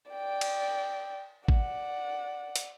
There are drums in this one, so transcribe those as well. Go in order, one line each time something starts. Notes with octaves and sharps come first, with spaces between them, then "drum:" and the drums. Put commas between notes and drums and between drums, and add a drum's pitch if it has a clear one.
D5 G5
drum: cymbal
D5 F#5, drum: kick
drum: hi-hat